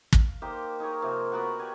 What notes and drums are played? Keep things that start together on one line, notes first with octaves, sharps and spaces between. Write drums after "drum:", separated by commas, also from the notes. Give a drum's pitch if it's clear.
F5, drum: kick
A#3 D#4 G4 C5
D#4 G#4 A#4 C#5
C3 F3 A#3 C4
B3 F#4 A#4 F#5
G4 C#5 G#5